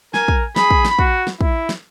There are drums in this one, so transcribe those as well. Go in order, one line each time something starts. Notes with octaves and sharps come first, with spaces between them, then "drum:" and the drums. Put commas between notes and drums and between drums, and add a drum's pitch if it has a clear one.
A#4 G#5, drum: snare
drum: kick
G#4 B5, drum: snare
drum: kick
drum: snare
F#4, drum: kick
drum: snare
E4, drum: kick
drum: snare